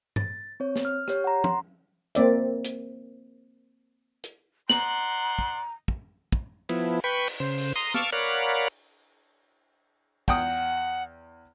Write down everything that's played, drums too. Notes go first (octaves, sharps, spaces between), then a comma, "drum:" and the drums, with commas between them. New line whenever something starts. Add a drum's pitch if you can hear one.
A6, drum: tom
C4 C#5
drum: snare
F6
G4 C#5, drum: rim click
F#5 A#5
C6, drum: tom
A#3 C4 D5 E5, drum: hi-hat
drum: hi-hat
drum: hi-hat
D5 F#5 A#5 C6 F#7, drum: snare
drum: kick
drum: kick
drum: kick
F3 B3 E4, drum: cymbal
B4 G5 B5 C#6
drum: cymbal
C#3 C5
drum: open hi-hat
A#5 C6 D#6
F5 A5 C#6 D6 E6 F6, drum: snare
A#4 C#5 D5 F5 F#5 B5
E2 F#5 G5 D#6, drum: kick